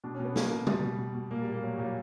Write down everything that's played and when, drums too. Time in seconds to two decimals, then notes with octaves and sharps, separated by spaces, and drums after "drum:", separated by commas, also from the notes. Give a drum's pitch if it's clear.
0.04 B2 D4
0.15 C#4
0.20 B2
0.25 B3
0.36 B2 A#3, drum: snare
0.51 B2
0.67 B2 G3, drum: tom C#3
0.83 B2
0.99 B2
1.15 B2
1.31 A#2 A#3
1.42 A#2 G3
1.52 A#3
1.63 A#2 F#3
1.73 G3
1.79 A#2
1.84 F#3